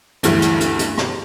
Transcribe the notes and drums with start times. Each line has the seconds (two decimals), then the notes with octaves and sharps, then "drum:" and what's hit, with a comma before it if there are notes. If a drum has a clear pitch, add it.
0.23 D2 G2 E3, drum: hi-hat
0.42 drum: hi-hat
0.60 drum: hi-hat
0.79 drum: hi-hat
0.98 drum: rim click